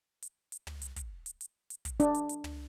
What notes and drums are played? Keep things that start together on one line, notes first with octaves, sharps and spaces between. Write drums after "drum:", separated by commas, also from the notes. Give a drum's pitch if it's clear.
drum: hi-hat
drum: hi-hat
drum: tom
drum: hi-hat
drum: kick, hi-hat
drum: hi-hat
drum: hi-hat
drum: hi-hat
drum: kick, hi-hat
D4, drum: hi-hat
drum: hi-hat
drum: hi-hat
drum: tom